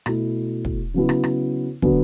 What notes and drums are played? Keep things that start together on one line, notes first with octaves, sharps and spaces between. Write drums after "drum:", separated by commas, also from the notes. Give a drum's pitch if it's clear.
B2 A3 E4, drum: rim click
drum: kick
C#3 F#3 B3 E4
drum: rim click
drum: rim click
D3 F#3 B3, drum: kick